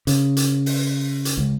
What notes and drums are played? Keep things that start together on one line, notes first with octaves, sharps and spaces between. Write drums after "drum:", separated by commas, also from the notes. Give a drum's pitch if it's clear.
C#3, drum: hi-hat
drum: hi-hat
drum: open hi-hat
drum: hi-hat
C#2